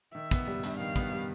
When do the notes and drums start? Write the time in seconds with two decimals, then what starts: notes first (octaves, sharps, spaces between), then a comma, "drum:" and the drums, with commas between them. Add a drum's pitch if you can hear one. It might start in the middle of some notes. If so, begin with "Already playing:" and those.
0.14 D#3 E5
0.31 B3, drum: kick, hi-hat
0.47 G3
0.64 G2, drum: hi-hat
0.80 D#3 F5
0.96 B3, drum: kick, hi-hat
1.13 G3